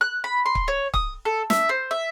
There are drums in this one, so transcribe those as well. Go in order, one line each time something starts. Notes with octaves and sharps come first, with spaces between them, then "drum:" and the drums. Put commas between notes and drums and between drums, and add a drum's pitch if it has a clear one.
F#6
B5
C6
drum: kick C#1
C#5
D#6, drum: kick C#1
A4
E5, drum: snare
C5
E5